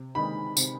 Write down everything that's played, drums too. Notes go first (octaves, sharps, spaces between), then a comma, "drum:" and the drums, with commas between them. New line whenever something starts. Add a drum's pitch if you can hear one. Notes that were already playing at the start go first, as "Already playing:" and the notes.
Already playing: C3
D#3 G#3 B5
C3, drum: tambourine